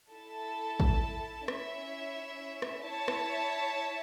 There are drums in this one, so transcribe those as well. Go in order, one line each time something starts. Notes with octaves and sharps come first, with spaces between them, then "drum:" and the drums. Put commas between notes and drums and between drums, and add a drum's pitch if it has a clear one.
E4 A4 E5 A5
drum: kick
C#4 E4 C#5 E5, drum: rim click
drum: rim click
E4 C#5 E5 A5
drum: rim click